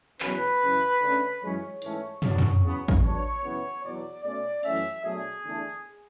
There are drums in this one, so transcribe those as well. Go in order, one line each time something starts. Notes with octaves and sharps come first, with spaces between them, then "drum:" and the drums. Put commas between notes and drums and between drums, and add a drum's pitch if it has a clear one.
E2 B2 F#3 C#4 B4, drum: clap
F#2 C#3 E3
D3 A3 C#4
F#2 E3 G#3 C#4 C#5
G#2 E3 A3 C#4, drum: hi-hat
D3 F#3 B3 D4, drum: tom
drum: tom
E2 C#3 F#3 B3
drum: kick
D3 F#3 B3 D4 C#5
F#2 C#3 E3 B3
E2 B2 F#3 D5
B2 A3 C#4 D5
F#2 E3 A3 C#4 E5, drum: open hi-hat
drum: open hi-hat
B2 F#3 A3 D4 G#4
E2 D3 A3 D4